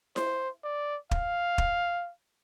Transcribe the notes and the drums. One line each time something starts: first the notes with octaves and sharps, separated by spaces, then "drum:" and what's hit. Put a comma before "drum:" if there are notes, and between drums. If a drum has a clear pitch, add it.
C5, drum: snare E4
D5
F5, drum: kick
drum: kick